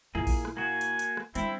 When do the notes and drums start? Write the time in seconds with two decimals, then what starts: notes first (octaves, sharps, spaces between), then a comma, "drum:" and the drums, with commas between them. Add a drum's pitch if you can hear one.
0.15 A#2 A#3 E4 G#4
0.27 drum: kick A#1, open hi-hat
0.45 drum: rim click
0.57 A#3 F#4 G#5
0.81 drum: hi-hat
0.99 drum: hi-hat
1.17 drum: rim click
1.35 G3 C4 D4 E4, drum: hi-hat